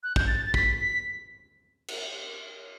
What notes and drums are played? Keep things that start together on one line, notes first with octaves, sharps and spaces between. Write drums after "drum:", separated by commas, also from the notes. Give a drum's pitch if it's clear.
F#6
G6, drum: kick
A6
A6
B6, drum: kick
B6
drum: cymbal